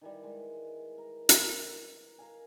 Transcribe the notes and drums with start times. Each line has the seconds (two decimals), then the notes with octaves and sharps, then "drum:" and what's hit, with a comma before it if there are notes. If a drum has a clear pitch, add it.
0.01 D#3 E3 G3
0.23 G#3
0.98 A#4
1.29 drum: hi-hat
1.42 A#5
2.19 A#4 F5 G#5